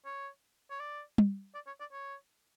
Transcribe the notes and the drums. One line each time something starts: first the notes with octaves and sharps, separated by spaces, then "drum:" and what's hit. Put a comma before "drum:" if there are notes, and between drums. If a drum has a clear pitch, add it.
C#5
C#5
D5
drum: tom G3
D5
C#5
D5
C#5